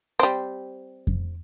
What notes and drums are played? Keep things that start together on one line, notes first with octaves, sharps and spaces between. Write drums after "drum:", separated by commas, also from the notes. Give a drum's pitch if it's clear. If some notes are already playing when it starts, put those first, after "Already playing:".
G3 C4
drum: kick F2